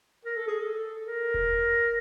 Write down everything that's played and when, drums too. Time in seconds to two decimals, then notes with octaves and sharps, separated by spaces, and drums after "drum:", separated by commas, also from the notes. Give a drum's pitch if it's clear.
0.25 A#4
0.37 A4
0.48 G#4
0.60 A4
1.07 A#4
1.34 drum: kick E1